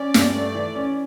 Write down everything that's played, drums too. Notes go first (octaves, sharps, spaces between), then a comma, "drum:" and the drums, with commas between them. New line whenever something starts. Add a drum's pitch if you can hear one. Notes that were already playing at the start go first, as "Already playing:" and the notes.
Already playing: C#4 D5
G2, drum: snare
A3
E3
C#4